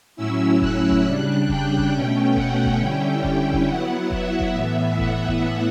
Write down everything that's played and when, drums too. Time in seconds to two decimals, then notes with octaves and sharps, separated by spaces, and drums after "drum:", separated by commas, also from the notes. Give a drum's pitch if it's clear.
0.16 A2 F#3 C#4 E4 E6
0.61 F#6, drum: kick F1
0.89 drum: kick F1
1.04 C#3 G3 D4
1.48 G5, drum: kick F1
1.77 drum: kick F1
1.91 B2 A3 C#4 G5
2.35 F#5, drum: kick F1
2.64 drum: kick F1
2.78 D3 G3 C#4 E4 G5
3.23 drum: kick F1
3.52 drum: kick F1
3.66 F#3 B3 E4 F#5
4.11 E5, drum: kick F1
4.39 drum: kick F1
4.53 A2 E3 B3
4.98 F#5, drum: kick F1
5.27 drum: kick F1